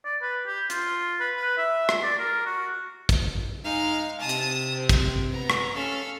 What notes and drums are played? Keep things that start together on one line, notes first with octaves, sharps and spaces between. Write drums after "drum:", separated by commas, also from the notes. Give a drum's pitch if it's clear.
D5
B4
G4
F4, drum: hi-hat
B4
B4
E5
drum: rim click
D5
A#4
F#4
drum: kick, hi-hat
G#3 D#4 F5
C3 A5 D#6
drum: hi-hat
C4
drum: kick, hi-hat
B3 A#5
drum: rim click
C#4 A4 F5